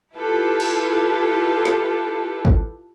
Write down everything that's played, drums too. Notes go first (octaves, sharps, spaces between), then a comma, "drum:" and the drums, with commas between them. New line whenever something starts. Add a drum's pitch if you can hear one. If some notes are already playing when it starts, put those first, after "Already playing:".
E4 F4 G4 A4 B4
drum: cymbal
drum: snare
drum: kick